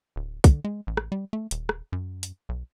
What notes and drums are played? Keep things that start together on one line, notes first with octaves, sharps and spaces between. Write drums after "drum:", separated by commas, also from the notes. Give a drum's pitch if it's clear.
D1
D3, drum: kick, hi-hat
G#3
A1
drum: rim click
G3
A3
D#1, drum: hi-hat
drum: rim click
F#2
drum: hi-hat
B1